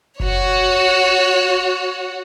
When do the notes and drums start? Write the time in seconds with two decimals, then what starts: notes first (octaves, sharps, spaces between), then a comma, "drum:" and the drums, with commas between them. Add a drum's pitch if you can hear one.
0.20 F#4 C#5, drum: kick F#1